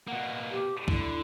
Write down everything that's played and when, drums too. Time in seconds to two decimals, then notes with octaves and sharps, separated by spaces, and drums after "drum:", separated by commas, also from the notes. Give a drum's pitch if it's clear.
0.08 B2 A#3 F#5
0.51 G4
0.88 D3 E4, drum: kick C#2